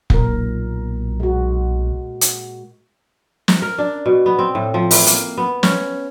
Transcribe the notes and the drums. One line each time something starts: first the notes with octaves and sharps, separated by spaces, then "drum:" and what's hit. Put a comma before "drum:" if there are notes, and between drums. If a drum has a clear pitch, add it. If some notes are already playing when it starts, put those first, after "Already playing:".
B1 A#2 A#4, drum: kick F1
G#3 F#4
drum: hi-hat
drum: snare
A#4
D4
B2
B3
C4
A2
F3
E3, drum: open hi-hat
A#3, drum: hi-hat
B3
C#4, drum: snare